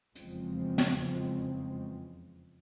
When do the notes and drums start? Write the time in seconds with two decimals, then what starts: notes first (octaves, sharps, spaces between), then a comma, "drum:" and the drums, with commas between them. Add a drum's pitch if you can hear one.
0.15 F1 E2 C#3 F3 G#3 C4, drum: hi-hat
0.78 drum: snare